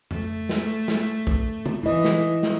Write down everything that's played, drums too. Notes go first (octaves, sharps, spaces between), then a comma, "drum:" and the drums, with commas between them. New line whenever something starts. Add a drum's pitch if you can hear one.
A3, drum: tom F2
drum: snare
drum: snare
drum: kick
drum: tom
E3 E4 D#5
drum: snare
drum: snare